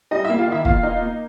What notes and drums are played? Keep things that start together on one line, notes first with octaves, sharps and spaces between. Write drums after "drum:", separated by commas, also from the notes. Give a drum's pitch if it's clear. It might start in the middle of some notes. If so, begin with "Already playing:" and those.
G3 D#4 D#5
E4 E5
A#3
F4 F5
D#3 E4 E5
A#3 F4 F5, drum: kick
D#4
A#3